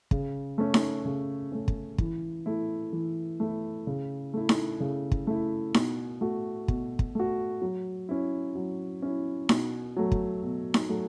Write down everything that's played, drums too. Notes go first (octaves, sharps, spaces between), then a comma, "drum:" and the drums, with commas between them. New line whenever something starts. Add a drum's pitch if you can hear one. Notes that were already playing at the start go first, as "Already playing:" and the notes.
C#3, drum: kick
A3 C#4
drum: snare D#4
C#3
A3 C#4
drum: kick
E3, drum: kick
A3 E4
E3
A3 E4
C#3
A3 E4
drum: snare D#4
C#3
drum: kick
A3 E4
B2, drum: snare D#4
A3 F#4
B2, drum: kick
drum: kick
A3 F#4
F#3
C#4 E4
F#3
C#4 E4
B2, drum: snare D#4
F#3 A3
drum: kick
B2
drum: snare D#4
F#3 A3